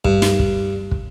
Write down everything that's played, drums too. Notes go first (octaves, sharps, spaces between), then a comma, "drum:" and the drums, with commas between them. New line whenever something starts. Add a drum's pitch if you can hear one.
G2, drum: kick
drum: snare
drum: kick
drum: kick